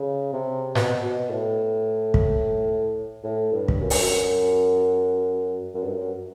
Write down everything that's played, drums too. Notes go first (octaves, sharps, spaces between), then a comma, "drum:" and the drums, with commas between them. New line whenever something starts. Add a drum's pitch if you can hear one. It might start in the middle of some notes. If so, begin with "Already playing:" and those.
Already playing: C#3
C3
B2, drum: snare G#2
B2
A2
drum: kick
A2
G2
drum: kick
F#2
G2, drum: open hi-hat
F#2
F#2
G2
F#2